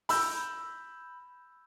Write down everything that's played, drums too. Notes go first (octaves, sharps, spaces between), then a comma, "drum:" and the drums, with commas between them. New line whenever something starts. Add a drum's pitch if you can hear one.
B5 E6 G6, drum: open hi-hat